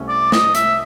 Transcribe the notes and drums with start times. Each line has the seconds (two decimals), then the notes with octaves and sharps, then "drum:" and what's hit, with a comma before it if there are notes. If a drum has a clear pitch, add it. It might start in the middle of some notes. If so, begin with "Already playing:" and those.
Already playing: C2 C3 A3 C#4
0.09 D5
0.32 D#5, drum: snare
0.55 E5, drum: hi-hat